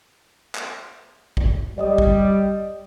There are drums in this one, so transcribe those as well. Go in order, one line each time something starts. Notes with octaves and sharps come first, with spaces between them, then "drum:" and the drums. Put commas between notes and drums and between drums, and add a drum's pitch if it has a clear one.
drum: clap
drum: kick
G3 D5 D#5 D#6
drum: kick